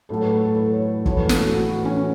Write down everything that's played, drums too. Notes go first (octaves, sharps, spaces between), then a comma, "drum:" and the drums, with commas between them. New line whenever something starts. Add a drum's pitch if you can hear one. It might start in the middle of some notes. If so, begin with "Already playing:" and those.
A2 F#3 A3 F#4 A4
B4
E4
A4
B4
C#5
A2 E3 A3 F#4 C#5, drum: kick
B4
A4, drum: snare
F#4
F#4
F#4
C#4